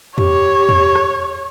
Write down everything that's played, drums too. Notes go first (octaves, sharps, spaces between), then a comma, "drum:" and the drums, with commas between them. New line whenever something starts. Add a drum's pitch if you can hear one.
G4 C#5, drum: tom E2
drum: tom E2
drum: rim click